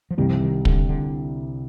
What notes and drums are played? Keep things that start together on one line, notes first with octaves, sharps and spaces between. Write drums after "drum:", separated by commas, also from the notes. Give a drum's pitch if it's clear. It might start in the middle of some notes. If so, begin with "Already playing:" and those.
F3
C2 C3 D#3 G3
F3
D#3
D3, drum: kick
D3